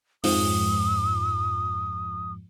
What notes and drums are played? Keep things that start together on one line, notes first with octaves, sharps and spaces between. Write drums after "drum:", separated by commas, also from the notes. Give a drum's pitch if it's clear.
F2 G#2 F3 D#6, drum: open hi-hat